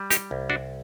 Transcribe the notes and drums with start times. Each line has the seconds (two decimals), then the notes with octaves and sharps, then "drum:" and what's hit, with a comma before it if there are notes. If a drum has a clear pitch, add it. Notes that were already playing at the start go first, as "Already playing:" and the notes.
Already playing: G3
0.11 D#4 G4, drum: hi-hat
0.31 C2
0.50 D4 F#4